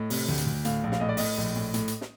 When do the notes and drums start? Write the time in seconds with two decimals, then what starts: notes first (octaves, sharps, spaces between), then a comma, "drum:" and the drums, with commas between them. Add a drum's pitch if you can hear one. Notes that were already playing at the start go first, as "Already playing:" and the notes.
Already playing: A2 D#5
0.10 C3, drum: open hi-hat
0.28 D2
0.37 drum: hi-hat
0.47 D2
0.65 A2 F5, drum: hi-hat
0.84 A#1
0.92 F5, drum: snare
1.00 A2 D#5
1.09 D5
1.17 A2 D#5, drum: open hi-hat
1.38 A#1
1.56 A2
1.74 A2, drum: hi-hat
1.88 drum: hi-hat
2.01 drum: snare